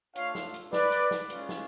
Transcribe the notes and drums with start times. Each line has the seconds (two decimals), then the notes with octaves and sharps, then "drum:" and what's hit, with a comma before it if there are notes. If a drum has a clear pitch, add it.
0.16 A3 D4 F4 C#5 F5, drum: hi-hat
0.35 drum: snare
0.54 drum: hi-hat
0.73 B4 D5, drum: snare
0.92 drum: hi-hat
1.11 drum: snare
1.30 G#3 C#4 F4, drum: hi-hat
1.49 drum: snare